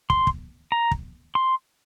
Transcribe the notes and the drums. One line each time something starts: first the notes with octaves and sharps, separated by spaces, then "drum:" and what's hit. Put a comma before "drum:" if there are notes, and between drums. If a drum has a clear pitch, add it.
C6, drum: kick
drum: kick
A#5
drum: kick
C6